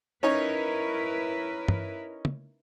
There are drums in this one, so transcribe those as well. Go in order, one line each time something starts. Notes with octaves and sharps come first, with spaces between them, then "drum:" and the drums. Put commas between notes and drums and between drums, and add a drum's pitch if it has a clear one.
C#4 D#4 E4 A#4 B4 C#5
drum: tom
drum: tom